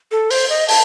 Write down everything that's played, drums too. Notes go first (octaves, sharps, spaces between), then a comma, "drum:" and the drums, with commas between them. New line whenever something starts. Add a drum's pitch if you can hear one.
A4
C5, drum: open hi-hat
D#5
A5, drum: open hi-hat